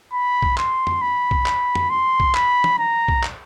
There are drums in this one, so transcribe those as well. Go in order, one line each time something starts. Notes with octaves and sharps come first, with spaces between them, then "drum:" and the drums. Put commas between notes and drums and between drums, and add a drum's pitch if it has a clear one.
B5
drum: kick B1
C6, drum: clap
drum: tom
B5
drum: kick B1
drum: clap
drum: tom
C6
drum: kick B1
B5, drum: clap
drum: tom
A#5
drum: kick B1
drum: clap